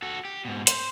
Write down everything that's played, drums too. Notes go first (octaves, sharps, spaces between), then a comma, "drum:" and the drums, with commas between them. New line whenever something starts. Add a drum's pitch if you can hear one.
F#4 A4
G4
G#2 B2
C5 C6, drum: hi-hat